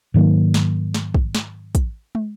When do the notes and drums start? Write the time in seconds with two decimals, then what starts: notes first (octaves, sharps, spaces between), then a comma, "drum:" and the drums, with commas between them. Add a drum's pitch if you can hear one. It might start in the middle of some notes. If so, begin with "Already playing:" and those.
0.14 G#2 D#3 F#3 A#3
0.54 drum: snare
0.94 drum: snare
1.14 drum: kick
1.35 drum: snare
1.75 drum: kick, hi-hat
2.15 drum: tom